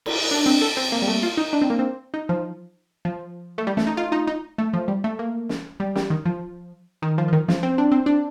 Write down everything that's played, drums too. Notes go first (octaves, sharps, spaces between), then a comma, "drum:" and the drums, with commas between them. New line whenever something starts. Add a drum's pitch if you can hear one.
drum: cymbal
D4
C4
A4
C4
A#3
G3
A3
F4
D#4
D4
C4
A#3
C4
D#4
F3
F3
A3
G3
A3, drum: snare
D#4
F4
D#4
D#4
A3
F3
G3
A3
A#3
drum: snare
G3
G3, drum: snare
D#3
F3
D#3
F3
F3
D#3
F3, drum: snare
C4
D4
C4
D4